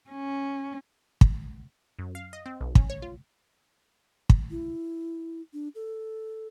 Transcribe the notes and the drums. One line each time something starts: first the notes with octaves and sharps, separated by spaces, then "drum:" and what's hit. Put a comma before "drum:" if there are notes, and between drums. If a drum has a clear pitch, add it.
C#4
drum: kick
F#2
F5
D#5
C4
B1
C#4, drum: kick
C#5
F4
drum: kick
E4
D4
A4